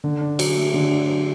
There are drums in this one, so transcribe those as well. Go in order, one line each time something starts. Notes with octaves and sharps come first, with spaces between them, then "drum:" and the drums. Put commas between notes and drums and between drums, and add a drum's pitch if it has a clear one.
D3
D4
F#3, drum: cymbal
A3
D3
D4
F#3